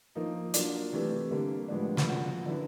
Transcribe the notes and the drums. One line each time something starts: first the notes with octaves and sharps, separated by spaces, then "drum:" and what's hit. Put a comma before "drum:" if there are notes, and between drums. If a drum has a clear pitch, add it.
F3 A#3 D#4
F#3 A#3 D4 F4, drum: hi-hat
C3 E3 A3
D3 G3 A#3
A2 F3 G#3 B3 D4
drum: snare
F3 A#3 C#4 F#4
D3 F#3 B3 E4